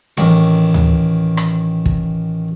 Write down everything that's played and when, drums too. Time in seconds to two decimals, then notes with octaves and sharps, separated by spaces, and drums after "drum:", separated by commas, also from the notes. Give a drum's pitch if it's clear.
0.17 A1 D#3 C#6, drum: snare C4
0.74 drum: tom D2
1.37 drum: rim click
1.86 drum: kick